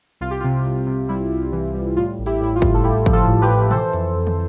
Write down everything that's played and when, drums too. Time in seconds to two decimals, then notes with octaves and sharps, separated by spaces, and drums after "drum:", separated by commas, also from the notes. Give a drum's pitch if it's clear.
0.21 C2 F4
0.31 G4
0.40 C3 F4
0.66 C2
0.87 C3
1.09 G3 E4
1.31 C2
1.52 E3
1.74 G3
1.97 A2 F4
2.19 A1
2.26 E4 G4, drum: hi-hat
2.41 A2 E4
2.55 F4
2.62 A2, drum: kick
2.74 A4
2.83 A2 E4 G4
3.06 F3, drum: kick
3.13 F4 A4
3.27 A2
3.42 G4 B4
3.50 A2
3.71 E3 A4 C5, drum: tom B2
3.93 F2, drum: hi-hat
4.16 F2
4.27 drum: tom